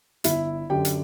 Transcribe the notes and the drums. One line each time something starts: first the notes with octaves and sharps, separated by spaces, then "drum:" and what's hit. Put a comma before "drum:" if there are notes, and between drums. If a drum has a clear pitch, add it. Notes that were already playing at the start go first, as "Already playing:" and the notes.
G1 E4 E5, drum: hi-hat
F#2 D3 G4 G5
drum: hi-hat